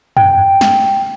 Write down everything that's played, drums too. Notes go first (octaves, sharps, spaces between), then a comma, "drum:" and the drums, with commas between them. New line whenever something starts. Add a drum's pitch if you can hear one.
G5, drum: tom
drum: snare